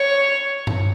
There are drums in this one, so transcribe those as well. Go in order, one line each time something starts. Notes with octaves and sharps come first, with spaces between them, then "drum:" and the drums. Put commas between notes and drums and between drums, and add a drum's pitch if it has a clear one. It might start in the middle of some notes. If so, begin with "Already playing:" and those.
Already playing: C#5
drum: tom G2